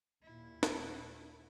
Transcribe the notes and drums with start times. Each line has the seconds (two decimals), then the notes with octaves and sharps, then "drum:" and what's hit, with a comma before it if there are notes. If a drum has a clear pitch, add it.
0.23 D#2 A#2 E4
0.63 drum: snare